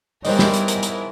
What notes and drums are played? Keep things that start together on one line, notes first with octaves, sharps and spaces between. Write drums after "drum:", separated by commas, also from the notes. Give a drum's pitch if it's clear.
G#2 G3 B3 E4 A#4 C5 C#5 D#5, drum: open hi-hat
drum: snare
drum: hi-hat
drum: hi-hat
drum: hi-hat